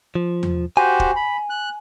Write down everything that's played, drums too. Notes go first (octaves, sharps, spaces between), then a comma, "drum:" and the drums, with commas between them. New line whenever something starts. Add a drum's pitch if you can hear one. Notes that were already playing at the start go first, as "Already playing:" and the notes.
F3
drum: tom E2
F#4 G4 C5 G#5
drum: kick
B5
F#6